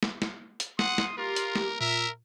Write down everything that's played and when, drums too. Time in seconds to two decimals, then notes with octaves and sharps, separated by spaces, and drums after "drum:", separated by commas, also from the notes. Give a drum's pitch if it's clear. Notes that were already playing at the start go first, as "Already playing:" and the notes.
0.03 drum: snare
0.22 drum: snare
0.60 drum: hi-hat
0.79 F#5 C6 D#6, drum: snare
0.98 drum: snare
1.18 F4 G4 A#4
1.36 drum: hi-hat
1.56 drum: snare
1.80 A#2 A#4 E5